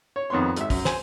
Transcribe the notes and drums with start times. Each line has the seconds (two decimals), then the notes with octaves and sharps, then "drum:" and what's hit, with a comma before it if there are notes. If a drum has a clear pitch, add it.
0.16 C#5
0.30 F2 D#3 B3 C#5 C6
0.57 G#1 E5, drum: hi-hat
0.70 F#2, drum: kick, open hi-hat
0.85 C5 G#5, drum: snare